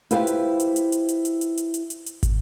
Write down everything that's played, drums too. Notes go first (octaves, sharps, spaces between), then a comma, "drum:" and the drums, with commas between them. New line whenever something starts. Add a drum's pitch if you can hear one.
E4 F4 G4 B4 C5 F5, drum: hi-hat
drum: hi-hat
drum: hi-hat
drum: hi-hat
drum: hi-hat
drum: hi-hat
drum: hi-hat
drum: hi-hat
drum: hi-hat
drum: hi-hat
drum: hi-hat
drum: hi-hat
drum: kick, hi-hat